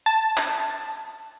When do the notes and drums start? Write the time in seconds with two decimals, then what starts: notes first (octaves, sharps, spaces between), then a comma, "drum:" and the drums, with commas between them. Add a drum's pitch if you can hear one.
0.06 A5
0.37 drum: clap